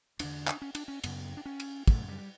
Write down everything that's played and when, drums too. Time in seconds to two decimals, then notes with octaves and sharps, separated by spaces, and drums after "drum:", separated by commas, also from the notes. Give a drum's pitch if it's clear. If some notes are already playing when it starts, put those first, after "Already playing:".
0.19 E2 D3 D4, drum: cymbal
0.48 drum: clap
0.62 C#4
0.75 D4, drum: cymbal
0.88 C#4
1.04 F#2 C#3 B3, drum: cymbal
1.37 D4
1.45 C#4
1.60 drum: cymbal
1.88 F#2 C#3 A3, drum: kick, cymbal
2.08 G3